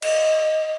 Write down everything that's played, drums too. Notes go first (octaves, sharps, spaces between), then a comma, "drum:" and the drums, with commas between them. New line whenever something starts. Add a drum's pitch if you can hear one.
D#5, drum: cymbal